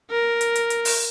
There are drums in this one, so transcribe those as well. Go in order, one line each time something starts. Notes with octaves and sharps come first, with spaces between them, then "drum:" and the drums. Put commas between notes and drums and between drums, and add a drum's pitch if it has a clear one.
A#4
drum: hi-hat
drum: hi-hat
drum: hi-hat
drum: open hi-hat